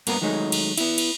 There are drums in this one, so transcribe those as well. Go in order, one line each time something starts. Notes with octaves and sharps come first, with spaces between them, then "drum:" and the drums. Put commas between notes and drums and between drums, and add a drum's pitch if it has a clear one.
G2 A#3 B3 A#4, drum: cymbal
D#3 F#3 G#3 A3 D4 D#4
drum: cymbal
B3 E4, drum: cymbal
drum: cymbal